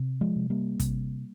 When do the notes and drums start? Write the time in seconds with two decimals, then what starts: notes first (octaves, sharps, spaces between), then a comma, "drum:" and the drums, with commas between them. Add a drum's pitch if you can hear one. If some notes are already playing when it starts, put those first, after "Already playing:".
Already playing: C3
0.21 F3 G#3
0.36 C3
0.50 G3 A#3
0.80 C3, drum: kick, hi-hat